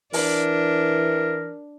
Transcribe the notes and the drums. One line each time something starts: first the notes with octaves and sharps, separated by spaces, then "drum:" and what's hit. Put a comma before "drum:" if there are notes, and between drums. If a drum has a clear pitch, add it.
E3 D4 A#4, drum: open hi-hat